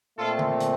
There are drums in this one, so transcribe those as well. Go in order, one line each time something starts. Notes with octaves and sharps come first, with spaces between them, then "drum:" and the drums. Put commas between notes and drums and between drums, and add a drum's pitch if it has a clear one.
A#2 A3 C4 F4 A4
drum: tom D3
drum: hi-hat